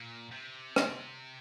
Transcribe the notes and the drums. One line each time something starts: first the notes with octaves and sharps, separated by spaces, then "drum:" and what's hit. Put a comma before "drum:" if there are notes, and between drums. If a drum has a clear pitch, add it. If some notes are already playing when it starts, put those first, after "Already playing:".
Already playing: A#2
C3
drum: rim click